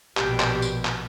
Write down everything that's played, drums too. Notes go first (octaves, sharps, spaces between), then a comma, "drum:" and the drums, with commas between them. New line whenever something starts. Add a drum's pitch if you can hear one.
A#1 B2 G3 D4 G4, drum: clap
drum: clap
drum: tambourine
drum: clap